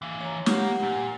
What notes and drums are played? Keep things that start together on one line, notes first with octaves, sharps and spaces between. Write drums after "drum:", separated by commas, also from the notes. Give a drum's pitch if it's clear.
E3 F5
C#5 A#5
A#3 G4 F#5, drum: snare
A#2